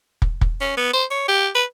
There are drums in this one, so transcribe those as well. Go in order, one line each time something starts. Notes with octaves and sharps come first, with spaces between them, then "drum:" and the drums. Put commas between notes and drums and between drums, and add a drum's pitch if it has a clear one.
drum: kick
drum: kick
C#4
B3
C5
C#5
G4
B4